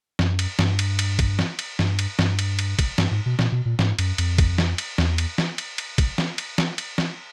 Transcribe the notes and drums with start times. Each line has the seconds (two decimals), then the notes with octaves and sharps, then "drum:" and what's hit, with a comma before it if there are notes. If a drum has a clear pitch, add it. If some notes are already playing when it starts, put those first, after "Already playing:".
0.19 F#2, drum: snare
0.39 drum: cymbal
0.59 G2, drum: snare
0.79 drum: cymbal
0.99 drum: cymbal
1.19 drum: kick, cymbal
1.39 drum: snare
1.59 drum: cymbal
1.79 G2, drum: snare
1.99 drum: cymbal
2.19 G2, drum: snare
2.39 drum: cymbal
2.59 drum: cymbal
2.79 drum: kick, cymbal
2.98 G2, drum: snare
3.11 G#2
3.26 B2
3.39 A#2, drum: snare
3.52 B2
3.65 A#2
3.79 G#2, drum: snare
3.99 F#2, drum: cymbal
4.18 F2, drum: cymbal
4.38 drum: kick, cymbal
4.58 drum: snare
4.78 drum: cymbal
4.98 E2, drum: snare
5.18 drum: cymbal
5.38 drum: snare
5.58 drum: cymbal
5.78 drum: cymbal
5.98 drum: kick, cymbal
6.18 drum: snare
6.38 drum: cymbal
6.58 drum: snare
6.78 drum: cymbal
6.98 drum: snare